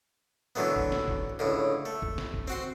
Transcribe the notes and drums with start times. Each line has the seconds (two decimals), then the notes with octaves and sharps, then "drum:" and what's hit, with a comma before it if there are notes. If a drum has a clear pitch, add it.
0.55 D3 E3 F#3 A3 B3
0.76 drum: kick
0.92 drum: snare
1.08 drum: kick
1.39 C#2 A2 D3
1.85 A3
2.02 drum: kick
2.18 drum: snare
2.34 drum: kick
2.48 C4 F#4 C6